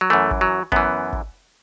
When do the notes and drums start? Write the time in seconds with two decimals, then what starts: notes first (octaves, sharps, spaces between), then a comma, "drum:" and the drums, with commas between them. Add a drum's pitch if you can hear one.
0.01 F#3
0.10 F#2 E3 A3
0.31 drum: kick
0.41 F#3
0.72 F#2 E3 B3, drum: kick
1.13 drum: kick